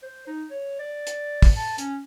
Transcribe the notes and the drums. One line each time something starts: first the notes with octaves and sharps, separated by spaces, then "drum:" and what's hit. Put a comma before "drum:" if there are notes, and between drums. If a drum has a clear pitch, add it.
C5
D#4
C#5
D5
drum: hi-hat
drum: kick, open hi-hat
A5
C#4, drum: hi-hat